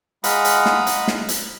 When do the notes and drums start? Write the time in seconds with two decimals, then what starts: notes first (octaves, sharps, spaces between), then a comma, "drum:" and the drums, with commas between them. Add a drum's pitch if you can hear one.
0.24 G#3 F5 F#5 A#5 B5 D#6, drum: hi-hat
0.45 drum: hi-hat
0.66 drum: snare
0.87 drum: hi-hat
1.08 drum: snare
1.29 drum: hi-hat